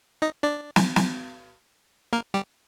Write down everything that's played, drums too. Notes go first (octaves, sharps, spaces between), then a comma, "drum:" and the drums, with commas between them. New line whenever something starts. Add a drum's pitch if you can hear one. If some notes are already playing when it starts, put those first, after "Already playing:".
D#4 D#5
D4 D5
drum: snare
drum: snare
A#3 A#4
G3 G4